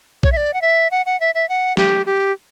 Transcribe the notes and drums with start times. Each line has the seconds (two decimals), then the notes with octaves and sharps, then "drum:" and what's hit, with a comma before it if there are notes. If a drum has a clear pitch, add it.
0.23 C#5, drum: kick A#1
0.32 E5
0.37 D5
0.54 F#5
0.62 E5
0.91 F#5
1.06 F#5
1.20 E5
1.35 E5
1.49 F#5
1.77 G4, drum: snare
2.06 G4